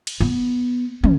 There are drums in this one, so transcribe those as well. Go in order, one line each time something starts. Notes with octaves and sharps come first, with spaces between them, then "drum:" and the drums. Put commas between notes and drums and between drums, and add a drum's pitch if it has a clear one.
drum: cymbal
B3
C#4, drum: tom